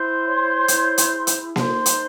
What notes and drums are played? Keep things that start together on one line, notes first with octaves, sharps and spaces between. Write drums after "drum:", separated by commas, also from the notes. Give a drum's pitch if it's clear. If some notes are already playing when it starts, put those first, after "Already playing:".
Already playing: E4 C5 C6
C#5
E4, drum: hi-hat
drum: hi-hat
G#4
drum: hi-hat
D#4 C5 C6, drum: snare A#3
drum: hi-hat